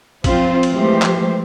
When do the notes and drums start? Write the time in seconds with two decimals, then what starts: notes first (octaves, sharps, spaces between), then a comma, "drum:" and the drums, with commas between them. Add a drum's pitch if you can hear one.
0.24 F3 C4 F4 C5, drum: kick A1, cymbal
0.63 drum: cymbal
0.72 E3 F3 G#3 A3 G4 C5
1.02 drum: clap